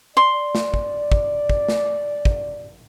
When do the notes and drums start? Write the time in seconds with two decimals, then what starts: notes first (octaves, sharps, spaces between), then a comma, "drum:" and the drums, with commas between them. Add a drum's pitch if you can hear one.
0.17 D5 C6
0.55 drum: snare
0.74 drum: kick
1.12 drum: kick
1.50 drum: kick
1.68 drum: snare
2.25 drum: kick